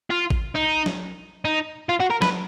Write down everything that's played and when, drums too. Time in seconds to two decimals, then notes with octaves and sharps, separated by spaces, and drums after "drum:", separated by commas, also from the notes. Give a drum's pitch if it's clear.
0.10 F4
0.30 drum: kick G#1
0.55 D#4
0.86 drum: snare
1.45 D#4
1.89 F4
2.00 F#4
2.11 A#4
2.22 B4, drum: snare